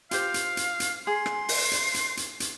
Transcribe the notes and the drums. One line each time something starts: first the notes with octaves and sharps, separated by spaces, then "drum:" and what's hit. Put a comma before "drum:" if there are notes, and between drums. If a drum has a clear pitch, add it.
F4 G4 C5 F5, drum: hi-hat
drum: hi-hat
drum: hi-hat
drum: hi-hat
G#4 C6
drum: rim click
drum: open hi-hat
drum: hi-hat
drum: hi-hat
drum: hi-hat
drum: hi-hat